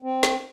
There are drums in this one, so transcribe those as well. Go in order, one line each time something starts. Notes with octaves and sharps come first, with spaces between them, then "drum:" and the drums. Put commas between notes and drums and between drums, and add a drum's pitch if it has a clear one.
C4
drum: snare